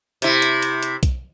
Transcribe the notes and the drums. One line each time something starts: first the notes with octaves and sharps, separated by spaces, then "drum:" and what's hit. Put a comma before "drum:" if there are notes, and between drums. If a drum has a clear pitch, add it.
C3 E4, drum: hi-hat
drum: hi-hat
drum: hi-hat
drum: hi-hat
drum: kick B1, hi-hat